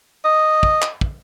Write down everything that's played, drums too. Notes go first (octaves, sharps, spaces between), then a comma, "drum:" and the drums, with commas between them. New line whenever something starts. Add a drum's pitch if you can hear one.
D#5
drum: kick
drum: clap
drum: kick